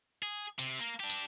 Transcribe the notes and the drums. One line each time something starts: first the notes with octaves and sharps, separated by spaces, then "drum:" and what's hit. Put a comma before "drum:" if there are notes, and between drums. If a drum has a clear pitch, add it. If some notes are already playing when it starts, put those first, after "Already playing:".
G#4
C3, drum: hi-hat
A#3 A#4
D4 G4
drum: hi-hat